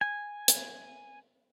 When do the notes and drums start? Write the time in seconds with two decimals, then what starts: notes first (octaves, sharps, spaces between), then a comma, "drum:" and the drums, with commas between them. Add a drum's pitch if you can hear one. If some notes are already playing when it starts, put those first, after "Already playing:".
0.01 G#5
0.48 drum: hi-hat